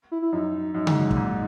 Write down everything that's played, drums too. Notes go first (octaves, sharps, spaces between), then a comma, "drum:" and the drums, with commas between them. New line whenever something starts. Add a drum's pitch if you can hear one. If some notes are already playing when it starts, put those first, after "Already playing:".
E4
E4
F#2 D#4
F#2 D#4
G#2, drum: tom C#3
F#2
A#2, drum: kick
G#2